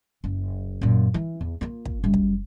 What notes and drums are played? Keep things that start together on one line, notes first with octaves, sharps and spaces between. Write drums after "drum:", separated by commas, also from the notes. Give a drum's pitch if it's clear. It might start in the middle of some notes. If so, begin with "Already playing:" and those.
F#1
F#2 A#2
E3
E2
A#3 F4
drum: kick
F#2 G3
drum: kick